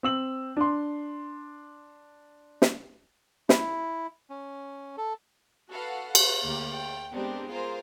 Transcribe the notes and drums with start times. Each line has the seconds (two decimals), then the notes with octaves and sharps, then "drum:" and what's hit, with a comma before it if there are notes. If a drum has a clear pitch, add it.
0.03 C4 E6 F#7
0.57 D4 C6
2.62 drum: snare
3.49 E4, drum: snare
4.30 C#4
4.97 A4
5.69 F#4 A4 B4 F5 F#5
6.15 F#4 B4, drum: cymbal
6.44 D2 A#3 G4
6.73 G5
7.11 G#3 B3 C4 D4 G4 A#4
7.51 F4 G#4 A#4 C5